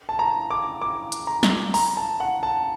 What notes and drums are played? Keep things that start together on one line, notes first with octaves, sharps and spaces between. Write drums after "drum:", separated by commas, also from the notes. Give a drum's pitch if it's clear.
A5
A#5
D6
D6
drum: hi-hat
A#5
drum: snare
A#5, drum: open hi-hat
A5
F#5
A5